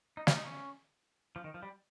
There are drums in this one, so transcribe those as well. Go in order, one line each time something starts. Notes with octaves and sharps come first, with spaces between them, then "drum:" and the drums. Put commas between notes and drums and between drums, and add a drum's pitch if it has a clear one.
D#4
F4, drum: snare
D#4
C#4
F3
D#3
F3
G3